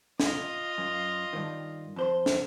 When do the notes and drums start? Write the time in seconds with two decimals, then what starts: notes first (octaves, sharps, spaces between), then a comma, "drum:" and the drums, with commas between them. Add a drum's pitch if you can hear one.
0.20 F4 D#5, drum: snare
0.78 F#2
1.33 G2 D#3
1.96 F2 C5 C6
2.26 drum: snare